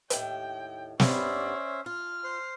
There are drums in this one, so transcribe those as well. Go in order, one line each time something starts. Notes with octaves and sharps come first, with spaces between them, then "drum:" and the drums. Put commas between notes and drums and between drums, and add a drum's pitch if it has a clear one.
D#2 A2 G5, drum: hi-hat
G2 B3 C#4 C5 D5 E5, drum: snare
F4 F6
C5 C6